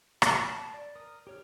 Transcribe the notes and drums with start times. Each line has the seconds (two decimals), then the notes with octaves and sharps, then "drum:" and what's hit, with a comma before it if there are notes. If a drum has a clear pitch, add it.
0.22 F5 B5, drum: rim click
0.47 A5
0.74 D5
0.96 A#4 D#6
1.27 G4 C#5 F6